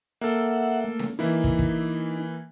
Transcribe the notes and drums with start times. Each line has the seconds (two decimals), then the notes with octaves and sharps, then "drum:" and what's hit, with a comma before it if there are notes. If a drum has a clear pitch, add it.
0.21 A#3 A4 E5 F#5
0.84 A3
0.99 drum: snare C#4
1.19 E3 A#3 D#4 E4
1.44 drum: kick
1.59 drum: kick